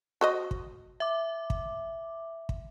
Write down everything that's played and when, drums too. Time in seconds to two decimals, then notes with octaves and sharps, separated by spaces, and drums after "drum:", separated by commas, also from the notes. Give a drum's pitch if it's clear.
0.21 F#4 C5 D#5
0.51 drum: kick
1.00 E5 D6
1.50 drum: kick
2.49 drum: kick